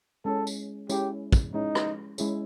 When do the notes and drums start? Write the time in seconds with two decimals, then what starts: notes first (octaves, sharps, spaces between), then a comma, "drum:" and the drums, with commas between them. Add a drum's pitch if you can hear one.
0.25 G#3 C#4 E4 G#4 A4 C#5
0.47 drum: tambourine
0.89 G#3 C#4 E4 G4 G#4 C#5, drum: tambourine
1.33 drum: kick, tambourine
1.54 G#3 C#4 D#4 E4 G#4 C#5
1.75 drum: rim click
2.18 G#3 C#4 E4 G#4 C#5, drum: tambourine